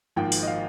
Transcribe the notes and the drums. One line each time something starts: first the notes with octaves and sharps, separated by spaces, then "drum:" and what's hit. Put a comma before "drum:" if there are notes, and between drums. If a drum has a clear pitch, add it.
G#1 G#2 F3 A#3 G5
drum: open hi-hat
D#5
F5